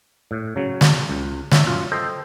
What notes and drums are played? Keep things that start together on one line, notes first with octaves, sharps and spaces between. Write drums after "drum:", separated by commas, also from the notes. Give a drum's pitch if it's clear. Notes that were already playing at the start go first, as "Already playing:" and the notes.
A2
C#3 F#3
drum: snare
C#2
A#2 C#4 E5, drum: snare
F#2 F4
A4 C5 D#5 G5